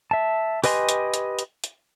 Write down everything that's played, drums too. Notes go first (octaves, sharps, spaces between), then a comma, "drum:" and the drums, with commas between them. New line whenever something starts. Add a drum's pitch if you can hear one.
E5 A5
G4 B4 D#5 G#5 C6, drum: open hi-hat
drum: hi-hat
drum: hi-hat
drum: hi-hat
drum: hi-hat